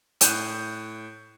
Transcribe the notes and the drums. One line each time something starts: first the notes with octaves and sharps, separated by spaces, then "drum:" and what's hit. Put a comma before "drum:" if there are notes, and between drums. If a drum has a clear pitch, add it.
A2 F#6 G6 D#7 E7, drum: hi-hat